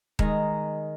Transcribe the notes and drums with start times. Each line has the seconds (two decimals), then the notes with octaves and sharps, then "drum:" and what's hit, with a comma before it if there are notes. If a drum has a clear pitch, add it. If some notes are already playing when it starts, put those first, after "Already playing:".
0.19 D#3 G#3 A#5, drum: kick D#1